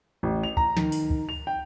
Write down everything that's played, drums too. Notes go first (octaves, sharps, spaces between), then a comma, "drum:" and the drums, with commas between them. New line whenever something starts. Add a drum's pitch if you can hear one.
A1
F7
A#5, drum: kick
D#3, drum: snare
drum: open hi-hat
drum: kick
F7
G5